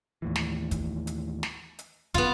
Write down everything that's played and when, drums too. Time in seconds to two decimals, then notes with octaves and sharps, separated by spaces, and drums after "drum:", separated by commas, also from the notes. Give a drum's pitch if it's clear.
0.22 D#2 A2 E3
0.36 drum: snare
0.71 drum: kick, hi-hat
1.07 drum: hi-hat
1.43 drum: snare
1.79 drum: hi-hat
2.14 D#1 F#2 C#3 B3 F4, drum: kick